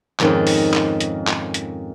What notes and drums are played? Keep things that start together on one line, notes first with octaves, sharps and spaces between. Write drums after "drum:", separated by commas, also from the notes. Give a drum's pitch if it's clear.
F2 G#2 D#3 F3 C#4, drum: clap
drum: open hi-hat
drum: clap
drum: hi-hat
drum: clap
drum: hi-hat